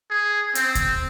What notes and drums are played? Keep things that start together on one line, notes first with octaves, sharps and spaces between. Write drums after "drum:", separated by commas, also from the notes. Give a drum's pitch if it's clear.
G#4
C4, drum: hi-hat
drum: kick D2, hi-hat